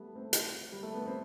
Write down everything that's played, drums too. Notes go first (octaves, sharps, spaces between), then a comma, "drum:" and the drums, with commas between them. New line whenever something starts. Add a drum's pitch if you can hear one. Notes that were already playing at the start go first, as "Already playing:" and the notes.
Already playing: G3 A3 B3
A3 C4
drum: hi-hat
G3
A3
B3
C4